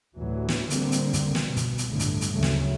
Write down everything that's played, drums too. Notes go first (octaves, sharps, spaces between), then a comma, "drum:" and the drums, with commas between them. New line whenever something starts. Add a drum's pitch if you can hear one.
A1 D2 E3 F#3
drum: snare
D3 G3 A#3 C4, drum: hi-hat
drum: hi-hat
drum: kick, hi-hat
B2, drum: snare
drum: kick, hi-hat
drum: hi-hat
G1 A2 D3
drum: kick, hi-hat
drum: hi-hat
D2 C#3 F#3 A3
drum: snare